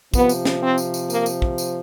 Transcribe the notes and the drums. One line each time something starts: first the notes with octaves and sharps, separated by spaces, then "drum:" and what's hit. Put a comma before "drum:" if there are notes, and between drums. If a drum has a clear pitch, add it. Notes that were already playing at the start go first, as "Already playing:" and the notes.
C3 F3 B3, drum: kick, tambourine
drum: tambourine
drum: snare
C4
drum: tambourine
drum: tambourine
A#3, drum: tambourine
drum: tambourine
drum: kick
drum: tambourine